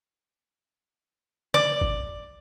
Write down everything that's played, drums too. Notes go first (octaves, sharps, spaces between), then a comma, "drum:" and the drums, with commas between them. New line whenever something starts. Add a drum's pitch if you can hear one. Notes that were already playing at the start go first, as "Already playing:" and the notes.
D5, drum: tom D3
drum: kick G#1